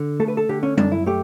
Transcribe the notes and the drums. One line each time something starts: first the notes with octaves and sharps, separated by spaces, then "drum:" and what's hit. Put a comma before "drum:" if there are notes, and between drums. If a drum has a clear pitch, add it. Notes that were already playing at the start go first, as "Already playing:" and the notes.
Already playing: D3
A3 A4
B4
A4
D3 G4
C#4
F#2 D4, drum: tom G3
E4
A3 G4